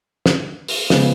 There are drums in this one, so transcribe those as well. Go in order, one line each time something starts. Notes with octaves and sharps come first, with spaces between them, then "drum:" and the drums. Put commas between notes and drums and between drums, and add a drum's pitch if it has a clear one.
drum: snare
drum: open hi-hat
C#3 F3 G#3 B3, drum: snare